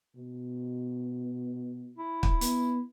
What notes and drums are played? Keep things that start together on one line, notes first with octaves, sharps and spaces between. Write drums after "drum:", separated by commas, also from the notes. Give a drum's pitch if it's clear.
B2
E4
drum: kick
B3, drum: hi-hat